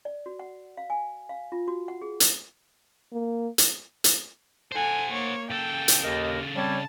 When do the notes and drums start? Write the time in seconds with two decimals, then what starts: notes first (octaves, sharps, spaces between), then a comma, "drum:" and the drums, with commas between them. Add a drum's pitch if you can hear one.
0.05 D5
0.26 F#4
0.39 F#5
0.77 F5
0.90 G#5
1.29 F5
1.52 F4
1.68 F#4
1.88 F#5
2.02 G#4
2.20 drum: hi-hat
3.12 A#3
3.58 drum: hi-hat
4.04 drum: hi-hat
4.72 A4 C5 F#5 G#5
5.11 A#3 C#5
5.50 C#3 A4 G5
5.88 drum: hi-hat
6.03 D#2 A#4 D#5
6.56 G3 C4 C#5 A5